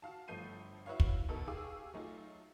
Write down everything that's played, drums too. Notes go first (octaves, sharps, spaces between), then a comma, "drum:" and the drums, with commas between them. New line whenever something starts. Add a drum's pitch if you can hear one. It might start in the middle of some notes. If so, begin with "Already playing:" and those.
F#4 F5 A5
G1 F3 A3 G6 C7 D#7
E4 F#4 B4 C#5 F5
drum: kick
B2 D#4 A4 A#4
G4 G#4 F5 C#6 D6 E6
F#3 A3 D#4 F4